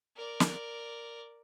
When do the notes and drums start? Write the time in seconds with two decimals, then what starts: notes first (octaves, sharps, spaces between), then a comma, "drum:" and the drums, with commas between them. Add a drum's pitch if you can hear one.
0.17 A#4 D5
0.40 drum: snare